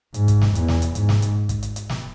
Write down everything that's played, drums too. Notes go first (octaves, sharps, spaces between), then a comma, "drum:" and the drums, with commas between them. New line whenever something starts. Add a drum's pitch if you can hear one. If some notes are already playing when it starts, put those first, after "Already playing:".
G#2, drum: hi-hat
drum: kick, hi-hat
drum: snare
E2, drum: hi-hat
drum: snare
drum: hi-hat
G#2, drum: hi-hat
drum: snare
drum: hi-hat
drum: kick, hi-hat
drum: hi-hat
drum: hi-hat
drum: snare